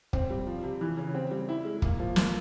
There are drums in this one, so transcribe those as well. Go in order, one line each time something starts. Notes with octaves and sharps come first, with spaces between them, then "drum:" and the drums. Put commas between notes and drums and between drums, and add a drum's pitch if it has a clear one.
C4, drum: kick
G3
F3
C3
E3
C#3
C4
G3
E4
G#3
A#3, drum: kick
F3
A#3, drum: snare